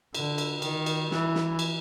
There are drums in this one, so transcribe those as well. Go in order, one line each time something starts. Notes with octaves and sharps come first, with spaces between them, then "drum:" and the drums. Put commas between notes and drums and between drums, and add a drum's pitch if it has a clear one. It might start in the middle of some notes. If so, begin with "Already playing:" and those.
D3, drum: cymbal
drum: cymbal
D#3, drum: cymbal
drum: cymbal
E3, drum: snare
drum: snare
drum: cymbal